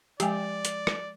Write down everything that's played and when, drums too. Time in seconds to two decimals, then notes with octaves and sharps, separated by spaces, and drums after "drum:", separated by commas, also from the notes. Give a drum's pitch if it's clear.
0.20 F3 G#3 G4 D5 G#5, drum: hi-hat
0.65 drum: hi-hat
0.87 drum: rim click